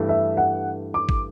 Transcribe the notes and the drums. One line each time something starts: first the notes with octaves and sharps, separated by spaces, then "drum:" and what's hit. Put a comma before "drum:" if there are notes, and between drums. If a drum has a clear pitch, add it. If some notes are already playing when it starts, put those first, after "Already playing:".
Already playing: G2 E3 A3
E5
F#5
D6
drum: kick